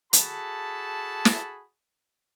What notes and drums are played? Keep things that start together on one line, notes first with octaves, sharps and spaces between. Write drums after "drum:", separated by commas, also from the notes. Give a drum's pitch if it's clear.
F#4 G#4 A4 A5 B5, drum: hi-hat
drum: snare